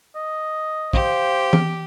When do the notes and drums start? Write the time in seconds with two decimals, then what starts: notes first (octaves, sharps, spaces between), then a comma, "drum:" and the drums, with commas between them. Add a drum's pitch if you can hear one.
0.16 D#5
0.93 G4 C5 F5, drum: kick
1.53 drum: tom E3